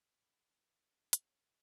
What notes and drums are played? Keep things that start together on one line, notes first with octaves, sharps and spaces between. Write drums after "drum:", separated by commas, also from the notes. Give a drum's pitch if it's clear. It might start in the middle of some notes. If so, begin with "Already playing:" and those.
D3 E5 B5 E6
E3
D3 D5 A5 D6 G6
C#3, drum: hi-hat
A4 E5 B5 F#6